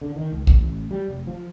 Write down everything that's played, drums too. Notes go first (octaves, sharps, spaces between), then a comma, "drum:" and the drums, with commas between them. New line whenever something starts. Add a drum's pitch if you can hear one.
D3
D#3
C#2
drum: kick
A1
G3
F1
F3